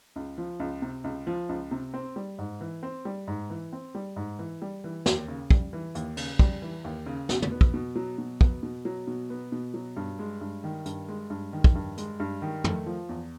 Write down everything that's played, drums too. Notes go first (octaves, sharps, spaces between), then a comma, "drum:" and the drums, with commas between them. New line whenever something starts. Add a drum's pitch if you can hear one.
C#2
F3
C#2
C3
C#2
F3
C#2
C3
C4
G3
G#2
E3
C4
G3
G#2
E3
C4
G3
G#2
E3
G3
E3
D#2, drum: snare
C#3
G3, drum: kick
E3
D#2, drum: hi-hat
C#3, drum: cymbal
G3, drum: kick
E3
D#2
C#3
B2, drum: snare
drum: tom
B3
drum: kick
B2
F#3
B2
B3, drum: kick
B2
F#3
B2
B3
B2
F#3
G2
G#3
G2
D#3
G2, drum: hi-hat
G#3
G2
D#3
drum: kick
G2
G#3, drum: hi-hat
G2
D#3
A3, drum: tom
F3
E2